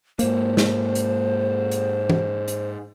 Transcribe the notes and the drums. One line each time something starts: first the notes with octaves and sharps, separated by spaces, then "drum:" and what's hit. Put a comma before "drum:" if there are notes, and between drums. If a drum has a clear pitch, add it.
G#2 A#3 C5, drum: hi-hat
drum: snare
drum: hi-hat
drum: hi-hat
drum: tom E3
drum: hi-hat